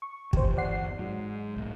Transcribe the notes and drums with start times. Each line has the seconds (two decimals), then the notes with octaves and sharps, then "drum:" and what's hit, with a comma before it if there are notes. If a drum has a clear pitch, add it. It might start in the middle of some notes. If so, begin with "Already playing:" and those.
0.02 C#6
0.33 G1 E2 G4 C5, drum: kick
0.57 D5 F#5 C7
0.99 G#2 F#3
1.56 C2 A2